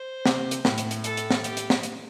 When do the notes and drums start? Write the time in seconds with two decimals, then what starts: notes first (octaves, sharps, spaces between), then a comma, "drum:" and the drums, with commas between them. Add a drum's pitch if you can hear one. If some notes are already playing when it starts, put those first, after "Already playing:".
Already playing: C5
0.26 C3, drum: snare
0.51 drum: hi-hat
0.65 A2, drum: snare
0.78 drum: hi-hat
0.91 drum: hi-hat
1.04 A4, drum: hi-hat
1.17 drum: hi-hat
1.30 drum: snare
1.44 G4, drum: hi-hat
1.57 drum: hi-hat
1.70 drum: snare
1.83 drum: hi-hat